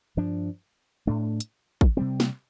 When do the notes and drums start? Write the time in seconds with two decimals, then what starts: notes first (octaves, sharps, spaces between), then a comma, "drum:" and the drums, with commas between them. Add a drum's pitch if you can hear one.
0.17 G2 F3 D4
1.07 A2 A3 D4
1.40 drum: hi-hat
1.81 drum: kick
1.97 C3 G3 C4
2.20 drum: snare